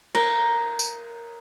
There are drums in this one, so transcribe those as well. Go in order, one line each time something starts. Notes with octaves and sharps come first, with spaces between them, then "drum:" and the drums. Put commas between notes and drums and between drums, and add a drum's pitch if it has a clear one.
A#4, drum: cymbal
drum: tambourine